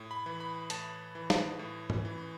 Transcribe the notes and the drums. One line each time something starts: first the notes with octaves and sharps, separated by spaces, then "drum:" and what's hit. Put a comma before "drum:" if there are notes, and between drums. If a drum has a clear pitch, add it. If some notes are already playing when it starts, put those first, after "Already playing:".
Already playing: A2
B5
E3
B5
A2 A5, drum: hi-hat
E3
drum: snare
A2
drum: tom G#2
E3